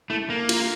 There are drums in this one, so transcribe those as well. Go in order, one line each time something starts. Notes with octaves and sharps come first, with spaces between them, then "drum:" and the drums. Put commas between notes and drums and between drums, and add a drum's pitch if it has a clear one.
A3 E4
A#3
F4, drum: cymbal